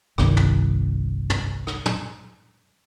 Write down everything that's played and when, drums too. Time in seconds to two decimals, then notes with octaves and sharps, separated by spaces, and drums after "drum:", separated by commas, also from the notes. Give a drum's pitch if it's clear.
0.18 G1 C2 G2 D#3, drum: rim click
0.37 drum: tom
1.30 drum: tom
1.67 drum: rim click
1.86 drum: tom